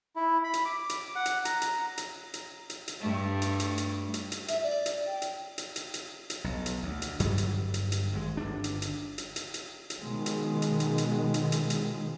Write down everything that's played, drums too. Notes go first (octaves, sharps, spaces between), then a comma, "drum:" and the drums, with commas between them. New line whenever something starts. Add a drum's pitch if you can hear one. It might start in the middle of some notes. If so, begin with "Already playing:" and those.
E4
B5
drum: hi-hat
D6
drum: hi-hat
F#5
drum: hi-hat
A#5, drum: hi-hat
drum: hi-hat
drum: hi-hat
drum: hi-hat
drum: hi-hat
drum: hi-hat
G2 A3
drum: hi-hat
drum: hi-hat
drum: hi-hat
drum: hi-hat
drum: hi-hat
E5, drum: hi-hat
D5
drum: hi-hat
G5
drum: hi-hat
drum: hi-hat
drum: hi-hat
drum: hi-hat
drum: hi-hat
B1
drum: hi-hat
D2
drum: hi-hat
G1 G2 F#3 G3, drum: hi-hat
drum: hi-hat
drum: hi-hat
drum: hi-hat
G#1 G#3
G1 D4
drum: hi-hat
drum: hi-hat
drum: hi-hat
drum: hi-hat
drum: hi-hat
drum: hi-hat
B2 D#3 F3 G#3
drum: hi-hat
drum: hi-hat
drum: hi-hat
drum: hi-hat
drum: hi-hat
drum: hi-hat
drum: hi-hat